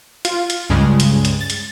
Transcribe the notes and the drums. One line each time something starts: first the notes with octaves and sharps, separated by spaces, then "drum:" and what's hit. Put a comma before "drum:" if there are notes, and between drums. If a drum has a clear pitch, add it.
F4, drum: hi-hat
drum: hi-hat
C#2 G2 C#3 G#3
drum: hi-hat
drum: hi-hat
A6
drum: hi-hat